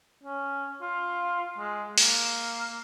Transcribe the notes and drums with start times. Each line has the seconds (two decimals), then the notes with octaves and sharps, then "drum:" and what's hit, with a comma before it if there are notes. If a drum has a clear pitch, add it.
0.23 C#4
0.82 F4
1.58 G#3
1.98 A#3, drum: open hi-hat